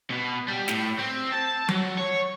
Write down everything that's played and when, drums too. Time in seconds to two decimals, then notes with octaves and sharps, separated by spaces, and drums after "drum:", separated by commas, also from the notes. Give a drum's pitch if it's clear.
0.10 B2
0.48 G3
0.68 A2, drum: snare
0.99 C4
1.32 A5
1.69 F#3, drum: tom F#3
1.97 C#5